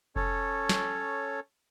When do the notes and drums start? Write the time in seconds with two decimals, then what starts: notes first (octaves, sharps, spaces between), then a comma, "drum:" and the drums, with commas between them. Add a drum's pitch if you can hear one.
0.16 C#4 A4 C#5, drum: kick F1
0.69 drum: snare